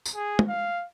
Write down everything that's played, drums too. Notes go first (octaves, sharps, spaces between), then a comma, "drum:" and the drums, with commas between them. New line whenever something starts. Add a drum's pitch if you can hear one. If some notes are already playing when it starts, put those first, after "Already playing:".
drum: tambourine
G#4
drum: tom
F5